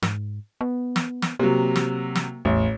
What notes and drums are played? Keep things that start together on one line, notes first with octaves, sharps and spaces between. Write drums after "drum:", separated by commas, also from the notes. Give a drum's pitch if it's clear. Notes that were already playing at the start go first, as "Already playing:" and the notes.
G#2, drum: snare
B3
drum: snare
drum: snare
C3 F#3 A#3
drum: snare
drum: snare
A1 E2